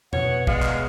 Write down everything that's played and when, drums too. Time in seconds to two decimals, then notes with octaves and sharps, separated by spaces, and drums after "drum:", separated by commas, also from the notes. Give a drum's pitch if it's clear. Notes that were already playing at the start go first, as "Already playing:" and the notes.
0.13 B2 C#5 F#5, drum: tom E2
0.47 G#3 D5 F5, drum: kick
0.62 drum: clap